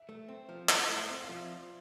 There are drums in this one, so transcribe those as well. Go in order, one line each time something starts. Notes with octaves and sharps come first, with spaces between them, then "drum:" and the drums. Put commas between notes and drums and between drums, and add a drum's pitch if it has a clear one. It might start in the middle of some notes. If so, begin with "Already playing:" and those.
Already playing: E5
A3
C4
F3
E4 D5, drum: clap
A3
E5
C4
F5
F3